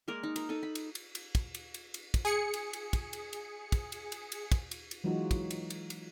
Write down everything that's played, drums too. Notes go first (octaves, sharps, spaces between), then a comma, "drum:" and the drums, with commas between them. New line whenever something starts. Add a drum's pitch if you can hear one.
G#3 A#3 A#4 D5
D#4
A#4, drum: cymbal
D#4 A4 D#5
B5
drum: cymbal
drum: cymbal
drum: cymbal
drum: kick, cymbal
drum: cymbal
drum: cymbal
drum: cymbal
drum: kick, cymbal
G#4 C#7
drum: cymbal
drum: cymbal
drum: kick, cymbal
drum: cymbal
drum: cymbal
drum: kick, cymbal
drum: cymbal
drum: cymbal
drum: cymbal
drum: kick, cymbal
drum: cymbal
drum: cymbal
E3 F#3 G#3 D#4 F4 F#4
drum: kick, cymbal
drum: cymbal
drum: cymbal
drum: cymbal